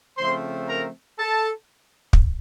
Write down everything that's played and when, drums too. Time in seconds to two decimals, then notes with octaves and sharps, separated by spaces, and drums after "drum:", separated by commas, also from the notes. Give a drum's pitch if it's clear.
0.18 C#3 F3 A3 C4 C5 C6
0.68 A#4 A#5
1.19 A4 A5
2.13 drum: kick